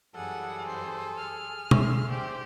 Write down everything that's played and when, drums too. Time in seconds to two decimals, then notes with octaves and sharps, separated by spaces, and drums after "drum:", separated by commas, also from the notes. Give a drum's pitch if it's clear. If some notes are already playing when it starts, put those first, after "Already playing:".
0.15 F#2 E3 G3 G#4 A4 F#5
0.68 C5
1.17 F6
1.71 D3 E5 C6, drum: tom B2
2.10 G4 C5 D5